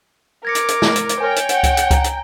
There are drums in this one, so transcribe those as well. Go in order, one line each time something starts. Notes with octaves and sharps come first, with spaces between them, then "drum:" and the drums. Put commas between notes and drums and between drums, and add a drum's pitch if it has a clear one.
A#4 D6 G#6 A#6 C#7
drum: hi-hat
drum: hi-hat
drum: snare
drum: hi-hat
drum: hi-hat
A#4 C#5 G5 G#5
drum: hi-hat
F#5, drum: hi-hat
drum: kick C#2, hi-hat
drum: hi-hat
A#5, drum: kick C#2, hi-hat
drum: hi-hat